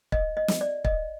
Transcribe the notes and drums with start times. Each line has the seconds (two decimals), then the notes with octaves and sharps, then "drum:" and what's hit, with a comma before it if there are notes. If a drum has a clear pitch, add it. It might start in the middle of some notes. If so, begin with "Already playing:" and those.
0.12 D#5, drum: kick
0.37 D#5
0.48 drum: snare
0.61 D5
0.85 D#5, drum: kick